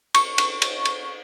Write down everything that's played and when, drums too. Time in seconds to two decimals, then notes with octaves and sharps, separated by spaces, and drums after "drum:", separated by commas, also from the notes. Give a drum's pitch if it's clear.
0.15 C#6, drum: cymbal
0.38 drum: cymbal
0.62 drum: cymbal
0.85 drum: cymbal